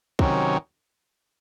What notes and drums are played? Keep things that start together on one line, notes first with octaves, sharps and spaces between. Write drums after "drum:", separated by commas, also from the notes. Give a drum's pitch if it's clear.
C3 D#3 F#3 C#4, drum: kick